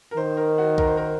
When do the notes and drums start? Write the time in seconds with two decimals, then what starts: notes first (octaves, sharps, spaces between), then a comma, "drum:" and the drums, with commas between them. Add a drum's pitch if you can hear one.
0.11 A#4
0.17 D#3 C5
0.37 A#4
0.58 F#4
0.78 A#4, drum: kick
0.87 C5
0.97 A#4